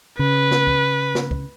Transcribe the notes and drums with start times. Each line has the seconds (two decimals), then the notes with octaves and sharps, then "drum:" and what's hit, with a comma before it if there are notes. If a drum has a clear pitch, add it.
0.19 C#3 B4
0.51 drum: snare
0.67 drum: kick
1.15 drum: snare
1.31 drum: kick